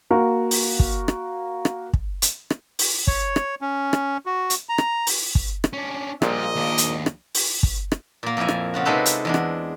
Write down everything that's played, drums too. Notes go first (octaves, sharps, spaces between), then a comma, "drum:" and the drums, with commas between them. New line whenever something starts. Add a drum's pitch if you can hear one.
A#3 F#4 A#4
drum: open hi-hat
drum: kick
drum: rim click
drum: rim click
drum: kick
drum: hi-hat
drum: rim click
drum: open hi-hat
C#5, drum: kick
drum: rim click
C#4
drum: rim click
F#4
drum: hi-hat
A#5
drum: rim click
drum: open hi-hat
drum: kick
drum: rim click
C#4 D4
A#1 A#2 G3 A#3 F4 D#5, drum: rim click
D#2 D4
drum: hi-hat
drum: rim click
drum: open hi-hat
drum: kick
drum: rim click
A#2 A#3
F2 A#2 F3 E4 G#5
drum: rim click
C#3 F4 F#4
C3 G#3 D#4 A4 B4 C5
drum: hi-hat
E2 G#3 D4
drum: rim click